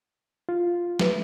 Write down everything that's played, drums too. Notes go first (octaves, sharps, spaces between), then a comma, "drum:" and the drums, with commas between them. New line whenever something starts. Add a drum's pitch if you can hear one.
F4
A3 B4, drum: snare